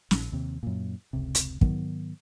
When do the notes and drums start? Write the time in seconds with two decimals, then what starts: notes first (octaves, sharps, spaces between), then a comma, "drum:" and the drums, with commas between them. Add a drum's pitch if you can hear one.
0.11 A#1, drum: snare
0.32 D#2 C3
0.63 F#2 A#2
1.13 F1 C#2 C3
1.35 drum: hi-hat
1.61 G#2 D#3 F#3 B3, drum: kick